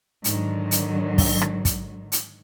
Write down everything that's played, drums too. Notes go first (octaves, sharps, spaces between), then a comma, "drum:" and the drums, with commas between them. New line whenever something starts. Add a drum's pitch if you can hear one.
G#2 D3 D#3 F#3, drum: hi-hat
drum: hi-hat
drum: kick, open hi-hat
drum: rim click
drum: kick, hi-hat
drum: hi-hat